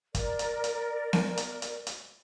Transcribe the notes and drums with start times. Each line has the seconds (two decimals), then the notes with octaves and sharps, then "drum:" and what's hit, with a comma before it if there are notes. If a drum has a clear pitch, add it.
0.15 A#4 D5, drum: kick, hi-hat
0.39 drum: hi-hat
0.64 drum: hi-hat
1.13 drum: snare B3
1.37 drum: hi-hat
1.62 drum: hi-hat
1.87 drum: hi-hat